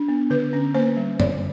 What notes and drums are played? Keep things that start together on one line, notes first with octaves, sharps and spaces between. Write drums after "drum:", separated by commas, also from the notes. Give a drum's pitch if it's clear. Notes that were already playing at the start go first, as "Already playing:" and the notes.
Already playing: D4
B3
D3 B4
C#4
A#3 C5
G3
D3 D5, drum: tom F#2